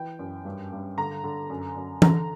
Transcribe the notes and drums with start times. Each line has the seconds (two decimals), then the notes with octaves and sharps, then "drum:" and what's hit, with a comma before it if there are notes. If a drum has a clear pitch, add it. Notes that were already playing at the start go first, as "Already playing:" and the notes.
Already playing: E3 G5
0.19 F#2
0.45 G2
0.72 G2
0.98 D3 A#5
1.24 D3
1.50 F#2
1.76 F#2
2.02 D3 A#5, drum: tom E3